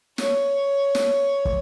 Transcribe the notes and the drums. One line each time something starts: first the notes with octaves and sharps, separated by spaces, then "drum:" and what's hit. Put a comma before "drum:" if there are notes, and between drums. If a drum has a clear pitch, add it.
C#5, drum: snare
drum: snare
drum: kick